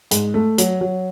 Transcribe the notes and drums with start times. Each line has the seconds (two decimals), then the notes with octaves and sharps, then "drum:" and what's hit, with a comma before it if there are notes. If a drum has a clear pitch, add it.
0.11 G#2, drum: hi-hat
0.34 A3
0.58 F#3, drum: hi-hat
0.81 F#3